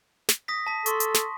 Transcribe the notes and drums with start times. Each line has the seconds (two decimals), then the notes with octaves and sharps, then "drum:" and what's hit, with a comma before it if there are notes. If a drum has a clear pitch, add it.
0.29 drum: snare
0.48 D#6 A#6 B6
0.67 A5 B6
0.86 A4 C6 C#6, drum: hi-hat
1.00 drum: hi-hat
1.14 drum: snare